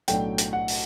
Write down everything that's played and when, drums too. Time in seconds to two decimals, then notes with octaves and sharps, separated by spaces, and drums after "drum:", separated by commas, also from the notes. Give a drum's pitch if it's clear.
0.08 B1 A2 F#3 A3 D4 G5, drum: hi-hat
0.38 drum: hi-hat
0.53 F#5
0.68 drum: open hi-hat